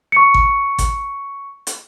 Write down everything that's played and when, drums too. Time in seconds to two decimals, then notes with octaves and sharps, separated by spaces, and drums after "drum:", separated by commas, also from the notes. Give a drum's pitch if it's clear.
0.12 C#6 C#7
0.34 drum: kick
0.78 drum: kick, hi-hat
1.67 drum: hi-hat